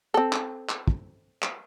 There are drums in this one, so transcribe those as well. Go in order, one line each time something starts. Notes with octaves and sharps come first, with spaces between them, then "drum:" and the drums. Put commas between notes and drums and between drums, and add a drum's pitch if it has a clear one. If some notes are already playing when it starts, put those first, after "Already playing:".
C4 A4
drum: clap
drum: clap
drum: kick
drum: clap